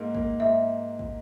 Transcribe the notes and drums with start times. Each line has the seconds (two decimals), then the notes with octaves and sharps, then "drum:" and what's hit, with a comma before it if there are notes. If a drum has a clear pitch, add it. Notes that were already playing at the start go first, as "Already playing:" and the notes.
Already playing: G#2 A#3
0.15 A#3, drum: kick
0.40 G#2 E5
0.99 drum: kick